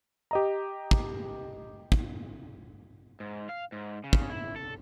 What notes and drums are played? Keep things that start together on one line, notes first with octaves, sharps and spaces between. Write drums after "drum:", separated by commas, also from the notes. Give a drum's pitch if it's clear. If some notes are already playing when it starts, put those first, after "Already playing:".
G4 D#5 A#5
drum: kick
drum: kick
G#2
F5
G#2
C#3
drum: kick
E4
A4